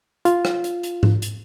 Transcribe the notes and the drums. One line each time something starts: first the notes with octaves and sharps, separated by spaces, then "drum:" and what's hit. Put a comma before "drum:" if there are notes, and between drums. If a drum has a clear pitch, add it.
F4, drum: hi-hat
drum: rim click
drum: hi-hat
drum: hi-hat
drum: tom G#2
drum: hi-hat